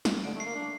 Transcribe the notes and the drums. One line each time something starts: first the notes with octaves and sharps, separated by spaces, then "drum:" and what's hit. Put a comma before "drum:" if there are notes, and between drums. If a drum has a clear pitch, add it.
drum: snare
D3 D7
A3
C7
A#3
D4 C7